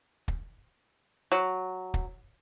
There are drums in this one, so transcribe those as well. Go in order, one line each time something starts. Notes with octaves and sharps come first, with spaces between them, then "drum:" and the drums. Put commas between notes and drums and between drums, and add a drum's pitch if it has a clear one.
drum: kick
F#3
drum: kick